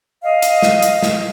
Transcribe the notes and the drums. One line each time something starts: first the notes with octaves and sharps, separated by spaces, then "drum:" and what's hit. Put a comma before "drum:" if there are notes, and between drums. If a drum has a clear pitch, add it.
D#5 F5
drum: hi-hat
drum: snare
drum: hi-hat
drum: snare